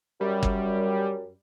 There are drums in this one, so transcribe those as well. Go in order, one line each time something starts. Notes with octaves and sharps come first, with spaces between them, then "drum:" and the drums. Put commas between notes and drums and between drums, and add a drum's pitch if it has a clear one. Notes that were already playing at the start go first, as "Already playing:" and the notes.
F#2 G3
drum: kick